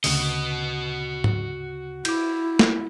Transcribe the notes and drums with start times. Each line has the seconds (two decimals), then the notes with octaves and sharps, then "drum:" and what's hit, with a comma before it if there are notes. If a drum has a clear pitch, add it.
0.04 D2 C#3 F#4 D#5, drum: open hi-hat
1.24 drum: tom G#2
2.05 E4 D6 G6, drum: cymbal
2.59 drum: snare